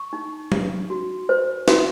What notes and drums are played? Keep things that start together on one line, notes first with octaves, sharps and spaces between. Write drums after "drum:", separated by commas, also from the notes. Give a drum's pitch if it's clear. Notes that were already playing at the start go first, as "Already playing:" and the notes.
Already playing: C#6
D#4
D#4, drum: tom F#3
F#4
C5
F#4, drum: snare